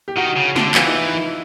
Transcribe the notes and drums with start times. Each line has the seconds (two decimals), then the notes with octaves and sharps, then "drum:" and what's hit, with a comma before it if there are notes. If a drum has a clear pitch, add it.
0.08 G4
0.17 D#3 F#4
0.37 C#3
0.56 D3, drum: snare
0.75 E3 F4, drum: clap
0.87 D#4
0.95 E4
1.13 E4